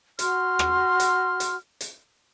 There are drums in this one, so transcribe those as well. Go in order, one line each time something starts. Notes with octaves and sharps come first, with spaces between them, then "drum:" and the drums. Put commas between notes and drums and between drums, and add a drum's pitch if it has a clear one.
F#4 C6 F6, drum: hi-hat
drum: rim click
drum: hi-hat
drum: hi-hat
drum: hi-hat